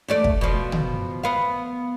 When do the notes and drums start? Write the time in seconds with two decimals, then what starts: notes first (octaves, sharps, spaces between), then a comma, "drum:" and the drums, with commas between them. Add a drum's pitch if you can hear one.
0.08 E2 A3 D5
0.24 drum: kick
0.41 B2 F3
0.72 drum: tom
1.24 B3 F5